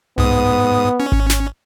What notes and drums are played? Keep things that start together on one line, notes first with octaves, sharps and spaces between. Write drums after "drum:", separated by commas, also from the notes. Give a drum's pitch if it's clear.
G#2 B3 D#6, drum: tom C2
C#4
drum: kick G#1
drum: snare